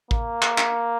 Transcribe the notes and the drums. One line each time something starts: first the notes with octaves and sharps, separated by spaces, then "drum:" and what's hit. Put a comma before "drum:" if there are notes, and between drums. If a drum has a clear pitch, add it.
A#3, drum: kick A1
drum: clap
drum: clap